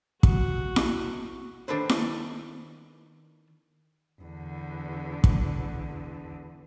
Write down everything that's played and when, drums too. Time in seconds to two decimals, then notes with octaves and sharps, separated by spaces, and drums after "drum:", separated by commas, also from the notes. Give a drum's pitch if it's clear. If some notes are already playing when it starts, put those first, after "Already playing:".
0.23 F#4, drum: kick
0.76 drum: snare E4
1.68 D#3 F3 D4 A4 B4 C5
1.89 drum: snare E4
4.22 E2 D3
5.24 drum: kick